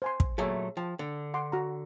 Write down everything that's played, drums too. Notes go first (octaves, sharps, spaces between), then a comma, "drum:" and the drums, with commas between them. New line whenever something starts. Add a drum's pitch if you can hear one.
C5 G#5 C6
drum: kick
A#2 F#3 A3 G#4 E5
F3 G5 A5
D3
F#5 C6 D6
F#4 A#5